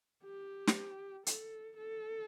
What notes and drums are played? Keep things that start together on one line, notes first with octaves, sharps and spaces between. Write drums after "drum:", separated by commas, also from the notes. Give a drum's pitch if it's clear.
G4
drum: snare
A4, drum: hi-hat
A4